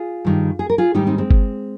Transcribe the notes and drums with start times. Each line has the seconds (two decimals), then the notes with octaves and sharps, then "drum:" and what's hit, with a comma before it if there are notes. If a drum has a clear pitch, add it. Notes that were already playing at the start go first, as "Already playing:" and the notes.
Already playing: F4 G#4
0.25 G2 D#3 G3
0.59 G#4
0.70 A#4
0.78 F4 G#4
0.94 G#2 D#3 G3 D#4 G4
1.07 C4 D#4
1.18 G#3 C4
1.31 drum: kick G1